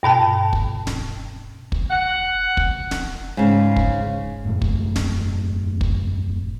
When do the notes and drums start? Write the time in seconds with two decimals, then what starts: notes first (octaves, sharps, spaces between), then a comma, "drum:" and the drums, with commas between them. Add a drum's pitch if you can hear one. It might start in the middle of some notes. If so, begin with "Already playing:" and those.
0.03 G2 B2 G5 A5
0.53 drum: kick
0.87 drum: snare
1.72 drum: kick
1.90 F#5
2.57 drum: kick
2.91 drum: snare
3.37 G#2 C#3
3.76 drum: kick
4.45 E1 F#2 A2 A3
4.62 drum: kick
4.96 drum: snare
5.81 drum: kick